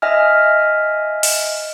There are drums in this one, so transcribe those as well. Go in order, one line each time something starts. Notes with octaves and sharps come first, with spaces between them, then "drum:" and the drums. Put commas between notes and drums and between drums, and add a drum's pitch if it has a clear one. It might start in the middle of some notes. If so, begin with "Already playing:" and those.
D#5 E5 G#5 F6
drum: open hi-hat